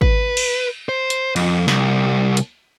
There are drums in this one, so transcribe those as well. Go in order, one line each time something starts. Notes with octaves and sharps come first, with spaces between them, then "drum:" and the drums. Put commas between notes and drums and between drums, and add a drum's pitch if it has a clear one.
B4, drum: kick G#1
drum: cymbal
C5
drum: hi-hat
F2, drum: cymbal
C2, drum: snare
drum: hi-hat